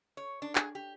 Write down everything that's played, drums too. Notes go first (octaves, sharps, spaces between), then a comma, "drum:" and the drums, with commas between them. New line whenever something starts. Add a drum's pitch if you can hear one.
C#5
D4
G#4, drum: clap
G4